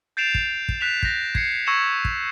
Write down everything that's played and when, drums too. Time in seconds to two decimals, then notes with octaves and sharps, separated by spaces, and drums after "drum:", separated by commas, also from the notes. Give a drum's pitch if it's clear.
0.17 G6 A6 C7 D7 E7 F7
0.35 drum: kick
0.69 drum: kick
0.81 F#6 B6 E7 F7
1.03 G6 A#6, drum: kick
1.35 G#6 C7 C#7, drum: kick
1.67 C#6 E6 G#6 A#6 C#7 E7
2.05 drum: kick